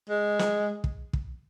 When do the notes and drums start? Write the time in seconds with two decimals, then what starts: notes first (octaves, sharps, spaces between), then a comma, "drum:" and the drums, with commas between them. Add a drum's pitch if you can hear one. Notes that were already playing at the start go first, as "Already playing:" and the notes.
0.10 G#3
0.39 drum: snare
0.84 drum: kick
1.13 drum: kick